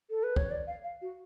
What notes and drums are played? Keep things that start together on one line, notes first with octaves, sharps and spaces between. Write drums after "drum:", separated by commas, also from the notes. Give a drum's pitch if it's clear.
A4
B4
C#5, drum: kick
D5
F5
F5
F#4